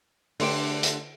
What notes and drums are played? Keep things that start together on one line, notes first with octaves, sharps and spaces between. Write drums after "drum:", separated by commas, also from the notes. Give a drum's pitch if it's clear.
D3 A3 D4 G4 C6 D7, drum: open hi-hat
drum: hi-hat